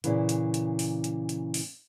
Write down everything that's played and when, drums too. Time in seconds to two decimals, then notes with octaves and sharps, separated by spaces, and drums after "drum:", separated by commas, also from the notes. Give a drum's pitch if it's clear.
0.04 A#2 C#3 E3, drum: hi-hat
0.29 drum: hi-hat
0.54 drum: hi-hat
0.79 drum: open hi-hat
1.04 drum: hi-hat
1.29 drum: hi-hat
1.54 drum: open hi-hat